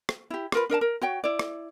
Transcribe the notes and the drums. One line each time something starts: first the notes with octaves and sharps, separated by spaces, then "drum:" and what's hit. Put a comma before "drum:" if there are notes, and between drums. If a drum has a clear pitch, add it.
drum: rim click
E4 G4
F4 A#4 B4, drum: rim click
D4 A#4 D#5 A5
A#4
F#4 C#5 G5
E4 D5
drum: rim click